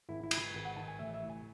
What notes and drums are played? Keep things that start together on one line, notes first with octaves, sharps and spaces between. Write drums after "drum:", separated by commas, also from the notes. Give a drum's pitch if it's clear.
G#1 E4
E4
G#2, drum: cymbal
G#1
F#5
D#3 A5
G#5
A1 E5
E5
A2
G#5